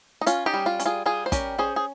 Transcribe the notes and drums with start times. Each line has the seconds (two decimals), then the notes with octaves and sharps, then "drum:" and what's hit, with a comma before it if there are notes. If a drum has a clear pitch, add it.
0.21 D#4
0.26 C#4 F4, drum: hi-hat
0.46 D#4 G4
0.54 G3
0.66 F4
0.80 C#4, drum: hi-hat
0.86 F4 G#4
1.06 G3 F4 G#4
1.26 C5
1.32 C#4 G4 A#4, drum: kick, hi-hat
1.58 C#4 G#4 C5
1.76 G#4